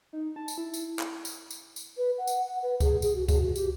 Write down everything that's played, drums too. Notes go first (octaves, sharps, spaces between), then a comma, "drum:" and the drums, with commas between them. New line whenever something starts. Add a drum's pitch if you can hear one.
D#4
A5
drum: tambourine
E4
drum: tambourine
drum: clap
drum: tambourine
drum: tambourine
drum: tambourine
B4
F#5
drum: tambourine
F#5
B4
G#4, drum: kick C#2, tambourine
G#4, drum: tambourine
F#4
G#4, drum: kick C#2, tambourine
F#4
G4, drum: tambourine